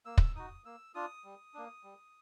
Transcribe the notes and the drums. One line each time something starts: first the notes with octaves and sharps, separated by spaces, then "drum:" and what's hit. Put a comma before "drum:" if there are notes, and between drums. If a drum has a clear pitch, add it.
A#3 E6
drum: kick
D#4 F#4 D#6
A#3 E6
D4 F4 D#6
G3
A#3 D4
G3